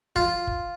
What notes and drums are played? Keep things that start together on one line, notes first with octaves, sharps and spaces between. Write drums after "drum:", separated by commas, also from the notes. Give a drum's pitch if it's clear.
F4, drum: kick
drum: kick